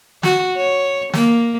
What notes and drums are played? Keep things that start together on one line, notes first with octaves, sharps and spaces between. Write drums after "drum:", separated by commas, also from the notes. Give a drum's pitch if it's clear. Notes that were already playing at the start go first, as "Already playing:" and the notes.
F#4, drum: snare
C#5
A#3, drum: snare